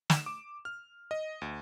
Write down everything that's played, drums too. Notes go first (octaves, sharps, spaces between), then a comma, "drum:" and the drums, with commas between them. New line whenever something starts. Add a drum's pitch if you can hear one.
E7, drum: snare
D6
F6
D#5
D2